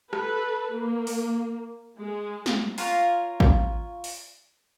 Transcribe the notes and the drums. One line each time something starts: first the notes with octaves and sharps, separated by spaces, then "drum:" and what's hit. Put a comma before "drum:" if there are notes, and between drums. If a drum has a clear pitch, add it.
A4 B4, drum: rim click
A#3
drum: open hi-hat
G#3
drum: snare
F4 A#4 C#5 F5, drum: open hi-hat
drum: kick
drum: open hi-hat